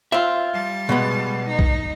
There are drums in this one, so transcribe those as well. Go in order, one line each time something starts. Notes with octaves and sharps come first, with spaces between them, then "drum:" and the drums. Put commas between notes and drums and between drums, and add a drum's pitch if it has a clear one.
C4 F4 E5
G3 A5
B2 G#3 B3
D#4
drum: kick B1